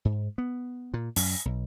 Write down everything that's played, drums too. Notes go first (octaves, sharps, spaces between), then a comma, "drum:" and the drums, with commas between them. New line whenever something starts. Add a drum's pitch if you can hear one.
G#2
B3
A#2
F#2, drum: open hi-hat
B1